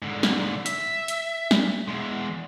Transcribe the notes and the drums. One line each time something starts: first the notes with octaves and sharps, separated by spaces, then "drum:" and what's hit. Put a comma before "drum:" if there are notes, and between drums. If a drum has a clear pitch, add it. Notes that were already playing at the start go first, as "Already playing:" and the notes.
G#2 D3
drum: snare
E5, drum: hi-hat
drum: hi-hat
drum: snare
E2 G#3